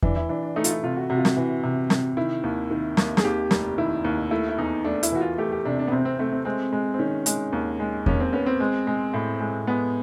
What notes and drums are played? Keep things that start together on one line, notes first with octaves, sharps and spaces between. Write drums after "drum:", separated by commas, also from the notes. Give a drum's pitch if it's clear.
E3 D4, drum: kick E2
E4
E3 D4
D4
A3 D#4
F4, drum: hi-hat
E4
C3 F4
F#4
C3 F#4
F4
F#4, drum: snare
E3
C3
C3, drum: snare
D#3 E4
D#2
D#3
D#2, drum: snare
G#4, drum: snare
D#2 G4
F1, drum: snare
D#3 E4
D#2
A3 E4
E4
E2 D#4
A3 D4
E4, drum: hi-hat
E3 F#4
F4
A3 G4
G4
C3 D4
D4
B3
C3 C4
C4
A3 C4
C4
G#3 C4
G#3
C4
D#3 C#4
G#3, drum: hi-hat
D#2
G#3
D#2 C#4, drum: kick E2
C4
B3 C#4
C4
G#3
G#3
A2
G#3
G#3 B3